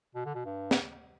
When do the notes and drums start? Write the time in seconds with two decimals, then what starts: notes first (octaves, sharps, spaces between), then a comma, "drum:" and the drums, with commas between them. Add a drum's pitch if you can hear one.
0.15 B2
0.25 D3
0.35 B2
0.45 G2
0.71 drum: snare